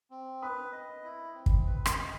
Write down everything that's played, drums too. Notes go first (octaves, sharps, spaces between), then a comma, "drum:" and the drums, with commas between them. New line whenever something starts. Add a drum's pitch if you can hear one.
C4
B4 B5 D#6
D#5
E4
C4
drum: kick
B4
drum: rim click
D#5